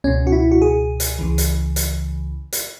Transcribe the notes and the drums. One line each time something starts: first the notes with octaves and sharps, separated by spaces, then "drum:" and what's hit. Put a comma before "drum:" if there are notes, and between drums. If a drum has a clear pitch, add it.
C#2 B2 C#4
F#4
E4
F#4
G#4
drum: hi-hat
C#2 C#3 E3
drum: hi-hat
drum: hi-hat
drum: hi-hat